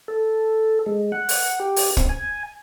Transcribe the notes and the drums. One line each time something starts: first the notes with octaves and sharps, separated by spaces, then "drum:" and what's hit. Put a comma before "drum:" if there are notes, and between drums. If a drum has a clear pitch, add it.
A4
G#3
F#5
drum: open hi-hat
G4
drum: open hi-hat
C4, drum: kick
G#5